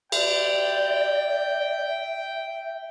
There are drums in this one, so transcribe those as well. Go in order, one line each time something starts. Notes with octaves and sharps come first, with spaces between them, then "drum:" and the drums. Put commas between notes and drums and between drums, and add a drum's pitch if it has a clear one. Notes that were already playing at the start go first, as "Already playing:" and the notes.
D5 E5 G5, drum: cymbal